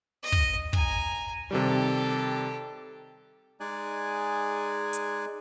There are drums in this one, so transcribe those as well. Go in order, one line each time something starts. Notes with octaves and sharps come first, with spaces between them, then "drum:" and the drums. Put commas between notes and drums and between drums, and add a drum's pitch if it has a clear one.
D#5
drum: kick
G#5 A#5, drum: kick
C3 D#3 G3 G4 A4
G#3 D#4 G#4 D5 G#5 F#6
drum: hi-hat